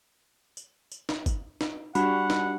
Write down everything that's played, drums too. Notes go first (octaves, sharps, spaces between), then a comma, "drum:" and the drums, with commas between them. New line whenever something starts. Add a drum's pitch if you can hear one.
drum: tambourine
drum: tambourine
drum: snare
drum: kick G1, tambourine
drum: snare
G3 D4 F#4 F#5 B5, drum: tambourine
drum: snare